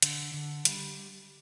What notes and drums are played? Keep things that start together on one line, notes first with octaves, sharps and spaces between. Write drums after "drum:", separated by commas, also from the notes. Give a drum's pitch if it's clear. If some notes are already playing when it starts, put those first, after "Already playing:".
D3, drum: hi-hat
D3
G3, drum: hi-hat